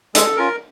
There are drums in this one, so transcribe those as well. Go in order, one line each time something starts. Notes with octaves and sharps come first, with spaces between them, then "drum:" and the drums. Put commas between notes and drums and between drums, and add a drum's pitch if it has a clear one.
G#3 A4, drum: hi-hat
C#4 F4 A#4